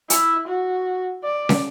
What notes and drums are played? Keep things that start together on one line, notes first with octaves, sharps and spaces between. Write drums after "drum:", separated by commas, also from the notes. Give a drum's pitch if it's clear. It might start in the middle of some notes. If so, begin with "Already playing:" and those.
E4, drum: hi-hat
F#4
D5
drum: snare